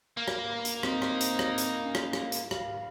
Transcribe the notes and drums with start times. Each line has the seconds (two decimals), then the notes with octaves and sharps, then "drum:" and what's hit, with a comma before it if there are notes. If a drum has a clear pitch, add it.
0.17 A#3 F6
0.28 drum: rim click
0.65 drum: hi-hat
0.83 C4 D#4, drum: rim click
1.02 drum: rim click
1.20 drum: hi-hat
1.39 drum: rim click
1.58 drum: hi-hat
1.85 C#4
1.95 drum: rim click
2.13 drum: rim click
2.32 drum: hi-hat
2.51 F5, drum: rim click